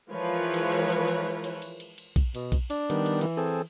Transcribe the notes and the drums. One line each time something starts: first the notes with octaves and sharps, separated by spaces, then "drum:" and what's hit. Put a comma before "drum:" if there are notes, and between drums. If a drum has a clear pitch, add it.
E3 F3 G#3 A#4 B4 C#5
drum: cymbal
drum: cymbal
drum: cymbal
drum: cymbal
drum: cymbal
drum: cymbal
drum: cymbal
drum: cymbal
drum: kick A#1, cymbal
B2, drum: cymbal
drum: kick A#1, cymbal
D4, drum: cymbal
D#3 G3 B3, drum: cymbal
drum: cymbal
E3, drum: cymbal
C4 G#4 A4